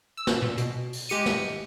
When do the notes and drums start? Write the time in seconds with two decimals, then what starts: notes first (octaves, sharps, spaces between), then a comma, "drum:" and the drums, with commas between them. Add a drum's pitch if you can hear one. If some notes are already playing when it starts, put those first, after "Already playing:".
0.17 E6
0.27 drum: snare
0.42 A#2
0.58 B2, drum: hi-hat
0.93 drum: open hi-hat
1.09 G#3 G4 C#7 D#7
1.26 drum: snare